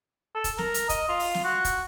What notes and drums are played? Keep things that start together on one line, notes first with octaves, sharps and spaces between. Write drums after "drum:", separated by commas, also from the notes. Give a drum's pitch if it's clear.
A4
drum: kick, hi-hat
A#4, drum: snare
drum: hi-hat
D#5, drum: kick, hi-hat
F4
drum: open hi-hat
drum: snare
F#4
drum: kick, hi-hat